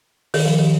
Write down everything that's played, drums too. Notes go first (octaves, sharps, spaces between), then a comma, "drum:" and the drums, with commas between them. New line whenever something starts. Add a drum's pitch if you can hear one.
D#3, drum: open hi-hat
F3
D#3